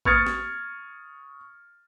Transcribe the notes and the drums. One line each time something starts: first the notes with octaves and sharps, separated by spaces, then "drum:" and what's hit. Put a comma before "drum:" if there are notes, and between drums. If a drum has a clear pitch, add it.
C#6 D#6 F6 G#6 A6 C#7, drum: kick
drum: snare